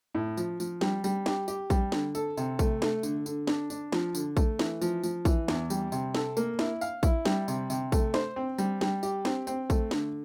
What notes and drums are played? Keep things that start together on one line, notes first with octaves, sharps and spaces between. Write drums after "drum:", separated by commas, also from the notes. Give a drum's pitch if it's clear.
A2
F3, drum: tambourine
F3, drum: tambourine
G3, drum: snare
G3, drum: tambourine
G4, drum: snare
G4, drum: tambourine
G3, drum: kick A#1, tambourine
D3, drum: snare
A4, drum: tambourine
C3, drum: tambourine
A3, drum: kick A#1, tambourine
A3, drum: snare
D3, drum: tambourine
D3, drum: tambourine
D4, drum: snare
D4, drum: tambourine
F3, drum: snare
D3, drum: tambourine
A3, drum: kick A#1, tambourine
E3, drum: snare
F3, drum: tambourine
F3, drum: tambourine
E3, drum: kick A#1, tambourine
E2, drum: snare
G3, drum: tambourine
C3, drum: tambourine
A4, drum: snare
A#3, drum: tambourine
E4, drum: snare
F5, drum: tambourine
E4, drum: kick A#1, tambourine
G3, drum: snare
C3, drum: tambourine
C3, drum: tambourine
A3, drum: kick A#1, tambourine
C5, drum: snare
C4
G3, drum: tambourine
G3, drum: snare
G4, drum: tambourine
C4, drum: snare
C4, drum: tambourine
A3, drum: kick A#1, tambourine
D3, drum: snare